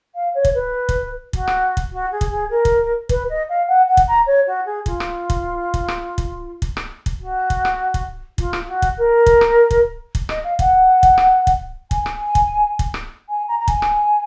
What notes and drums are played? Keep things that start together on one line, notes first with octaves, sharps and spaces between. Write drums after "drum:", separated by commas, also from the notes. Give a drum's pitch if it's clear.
F5
C#5
drum: kick
B4
drum: kick
F#4, drum: kick
drum: rim click
drum: kick
F#4
G#4
drum: kick
G#4
A#4
drum: kick
B4, drum: kick
D#5
F5
F#5
F#5
drum: kick
A#5
C#5
F#4
G#4
F4, drum: kick
drum: rim click
drum: kick
drum: kick
drum: rim click
drum: kick
drum: kick
drum: rim click
drum: kick
F#4
drum: kick
drum: rim click
drum: kick
F4, drum: kick
drum: rim click
F#4
drum: kick
A#4
drum: kick
drum: rim click
drum: kick
drum: kick
D#5, drum: rim click
F5
F#5, drum: kick
drum: kick
drum: rim click
drum: kick
G#5, drum: kick
drum: rim click
drum: kick
drum: kick
drum: rim click
G#5
A#5
A#5
G#5, drum: kick
drum: rim click